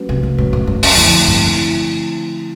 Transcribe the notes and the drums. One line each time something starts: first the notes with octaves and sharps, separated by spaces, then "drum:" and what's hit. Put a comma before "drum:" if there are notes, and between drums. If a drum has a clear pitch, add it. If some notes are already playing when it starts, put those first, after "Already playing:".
Already playing: F#3 A3 C#4 F#4 B4
C3
C3
A2 F#3 A3 C#4 F#4 B4
A2
G2
F#2, drum: open hi-hat
F2 D3 F3 A3 C4 E4
G2
G2
E4